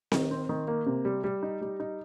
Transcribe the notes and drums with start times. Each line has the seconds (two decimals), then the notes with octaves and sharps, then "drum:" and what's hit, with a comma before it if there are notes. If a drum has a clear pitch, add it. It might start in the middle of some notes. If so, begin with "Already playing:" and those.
0.12 D#3, drum: snare C4
0.31 C4
0.49 D#3
0.68 A#3
0.86 C3
1.05 G3
1.24 G3
1.43 D#4
1.61 G3
1.80 D#4